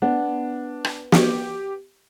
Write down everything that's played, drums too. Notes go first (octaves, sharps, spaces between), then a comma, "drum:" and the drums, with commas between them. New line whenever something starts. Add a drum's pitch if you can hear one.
B3 D4 F#5
drum: rim click
G4, drum: snare